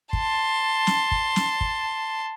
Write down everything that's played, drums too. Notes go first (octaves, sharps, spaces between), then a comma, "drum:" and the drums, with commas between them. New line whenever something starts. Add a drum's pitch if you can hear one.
A5 C6, drum: kick
drum: snare
drum: kick
drum: snare
drum: kick